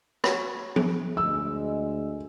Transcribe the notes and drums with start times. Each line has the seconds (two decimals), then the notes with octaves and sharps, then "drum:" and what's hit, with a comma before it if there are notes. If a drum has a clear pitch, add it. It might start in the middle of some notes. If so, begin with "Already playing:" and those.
0.24 F#4 C#5, drum: rim click
0.76 drum: tom F3
1.17 D2 G#3 E6